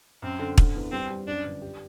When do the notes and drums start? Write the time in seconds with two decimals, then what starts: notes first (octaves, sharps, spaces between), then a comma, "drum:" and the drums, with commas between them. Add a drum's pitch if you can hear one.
0.22 F#2 C4
0.39 D3
0.58 D3, drum: kick
0.75 E2
0.92 G3 C4
1.10 G3
1.27 F#2 D4
1.45 G1
1.62 G4